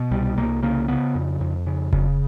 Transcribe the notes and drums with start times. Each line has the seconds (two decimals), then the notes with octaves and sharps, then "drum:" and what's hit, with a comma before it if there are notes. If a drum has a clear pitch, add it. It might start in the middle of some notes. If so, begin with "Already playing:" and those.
Already playing: B2
0.11 C2 G3
0.37 C2 A#3
0.63 C#3 A#3
0.88 C#3 B3
1.15 F2
1.41 F2
1.66 C#3
1.93 C#3, drum: kick F1